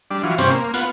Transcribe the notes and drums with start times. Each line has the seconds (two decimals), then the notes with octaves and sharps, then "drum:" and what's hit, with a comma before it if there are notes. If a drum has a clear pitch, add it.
0.11 G3 D4
0.23 E3 F#3 F4
0.38 G2 C3 C4 C#4, drum: hi-hat
0.51 A#3
0.74 B3 F4 F#5, drum: hi-hat